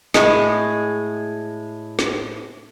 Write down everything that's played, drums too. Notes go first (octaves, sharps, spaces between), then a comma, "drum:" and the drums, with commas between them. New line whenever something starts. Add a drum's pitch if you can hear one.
A2 G#3, drum: snare
drum: snare